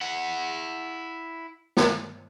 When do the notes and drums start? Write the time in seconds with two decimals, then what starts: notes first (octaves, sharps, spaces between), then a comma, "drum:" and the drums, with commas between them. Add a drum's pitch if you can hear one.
0.01 E4 F#5
1.77 drum: snare